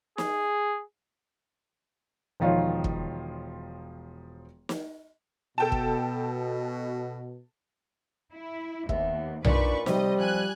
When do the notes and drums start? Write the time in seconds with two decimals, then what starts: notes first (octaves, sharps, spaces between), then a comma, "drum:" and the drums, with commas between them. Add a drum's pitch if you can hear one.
0.18 G#4, drum: snare
2.40 E1 D#3 F3 F4 C#5 F5
2.84 drum: kick
4.69 drum: snare
5.58 B2 A4 G5 A5
5.72 drum: kick
8.33 E4
8.89 D#2 B3 E5, drum: kick
9.45 A#2 D4 D#4 B4 C5 D5 C#6, drum: tom B1
9.86 C3 G3 C4 D#5, drum: snare
10.20 F3 G#5 F#6